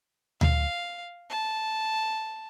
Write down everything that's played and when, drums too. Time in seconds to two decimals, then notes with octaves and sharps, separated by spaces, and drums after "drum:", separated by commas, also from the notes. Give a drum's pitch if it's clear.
0.41 F5, drum: tom D2
1.30 A5